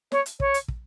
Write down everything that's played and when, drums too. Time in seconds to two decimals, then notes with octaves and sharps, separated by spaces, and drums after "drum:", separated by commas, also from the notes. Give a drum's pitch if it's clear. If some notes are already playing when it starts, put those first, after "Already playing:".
0.12 C#5, drum: snare
0.26 drum: hi-hat
0.40 C#5, drum: kick
0.54 drum: hi-hat
0.68 drum: kick